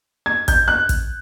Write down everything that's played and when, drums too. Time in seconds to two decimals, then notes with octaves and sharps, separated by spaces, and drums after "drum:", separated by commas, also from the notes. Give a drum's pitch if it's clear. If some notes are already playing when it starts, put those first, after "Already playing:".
0.26 G#6
0.48 G6, drum: kick, hi-hat
0.68 F#6
0.89 drum: kick, hi-hat